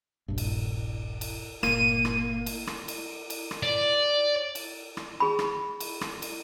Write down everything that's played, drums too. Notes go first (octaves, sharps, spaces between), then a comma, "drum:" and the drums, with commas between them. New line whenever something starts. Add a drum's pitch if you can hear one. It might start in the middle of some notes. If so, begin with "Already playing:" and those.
D#1 A#1 G2
drum: cymbal
drum: cymbal
G1 A#2 A#3 D#7, drum: rim click
drum: rim click
drum: cymbal
drum: rim click
drum: cymbal
drum: cymbal
drum: rim click
D5
drum: cymbal
drum: rim click
G#4 B5
drum: rim click
drum: cymbal
drum: rim click
drum: cymbal